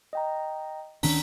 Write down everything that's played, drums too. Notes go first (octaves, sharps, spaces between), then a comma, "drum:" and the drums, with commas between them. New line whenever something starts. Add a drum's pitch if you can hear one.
D#5 G5 A#5
D2 D#3 C#4 D4 A#5 B6, drum: open hi-hat